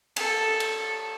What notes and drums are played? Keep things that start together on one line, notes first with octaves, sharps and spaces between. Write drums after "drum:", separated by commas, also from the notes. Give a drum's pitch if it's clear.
A4, drum: cymbal
drum: cymbal